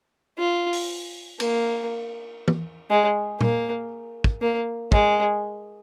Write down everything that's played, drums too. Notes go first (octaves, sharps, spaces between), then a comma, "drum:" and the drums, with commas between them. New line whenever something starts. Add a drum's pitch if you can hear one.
F4
drum: open hi-hat
A#3, drum: cymbal
drum: tom
G#3
A#3, drum: tom A#2
drum: kick
A#3
G#3, drum: kick